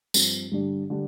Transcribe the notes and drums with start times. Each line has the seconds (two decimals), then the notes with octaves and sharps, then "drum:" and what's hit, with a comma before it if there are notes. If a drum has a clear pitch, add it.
0.14 G2 F3 C4, drum: tambourine
0.52 G2 D3 G3 D4
0.90 D3 G3 D4